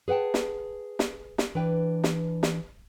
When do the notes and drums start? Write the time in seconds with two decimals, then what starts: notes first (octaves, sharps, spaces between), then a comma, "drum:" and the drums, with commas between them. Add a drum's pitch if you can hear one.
0.08 G#4 B4 F#5 G5 A5
0.34 drum: snare
0.99 drum: snare
1.38 drum: snare
1.55 E3 D4 B4 G5
2.04 drum: snare
2.43 drum: snare